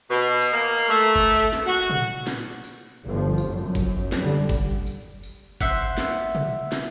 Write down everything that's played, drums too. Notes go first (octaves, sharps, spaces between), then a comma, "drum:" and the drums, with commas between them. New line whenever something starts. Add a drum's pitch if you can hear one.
B2
drum: tambourine
A#3
drum: tambourine
A3
drum: kick, tambourine
drum: snare
F#4
drum: tom
drum: snare
drum: tambourine
G1 F3
drum: tambourine
F#2
drum: kick, tambourine
drum: snare
D3 G3
drum: kick, tambourine
drum: tambourine
drum: tambourine
C5 E5 F#5, drum: kick, tambourine
drum: snare
drum: tom
drum: snare